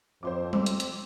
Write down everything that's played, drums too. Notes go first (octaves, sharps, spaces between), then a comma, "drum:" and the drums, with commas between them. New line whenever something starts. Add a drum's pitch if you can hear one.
F2 C5 C6 D6
C4 C6 D6 E6, drum: tom G3
drum: hi-hat
drum: hi-hat